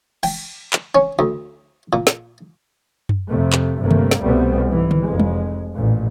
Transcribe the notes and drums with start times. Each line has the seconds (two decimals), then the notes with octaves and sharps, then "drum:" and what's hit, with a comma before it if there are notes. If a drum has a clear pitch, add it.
0.23 G5, drum: cymbal
0.73 drum: clap
0.95 C#4
1.19 D2
1.93 A#2
2.07 drum: snare
3.09 drum: tom F#2
3.27 F2 C3 A3
3.53 drum: clap
3.80 G1 G2 C3 A3 A#3
3.91 drum: tom D3
4.11 drum: snare
4.22 C2 B2 G3 A3 B3 C4
4.69 G#2 E3
4.91 drum: tom D3
5.02 F1 F2 G#3
5.20 drum: tom
5.75 A1 A#2